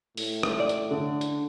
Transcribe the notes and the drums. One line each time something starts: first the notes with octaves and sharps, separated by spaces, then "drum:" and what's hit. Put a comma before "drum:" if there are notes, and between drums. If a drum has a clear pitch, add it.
A2, drum: open hi-hat
drum: rim click
D5
drum: hi-hat
D3
drum: hi-hat